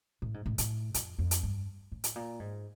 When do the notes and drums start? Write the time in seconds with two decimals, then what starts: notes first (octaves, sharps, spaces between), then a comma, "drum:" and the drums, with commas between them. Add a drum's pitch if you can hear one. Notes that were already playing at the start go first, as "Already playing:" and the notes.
0.22 A2
0.34 G#2
0.46 A2
0.58 A2, drum: hi-hat
0.94 F2, drum: hi-hat
1.19 F2
1.31 drum: hi-hat
1.43 G2
1.92 A2
2.04 drum: hi-hat
2.16 A#2
2.40 G#2